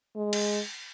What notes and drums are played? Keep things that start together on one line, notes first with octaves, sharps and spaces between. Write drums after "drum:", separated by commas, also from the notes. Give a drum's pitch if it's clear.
G#3
drum: cymbal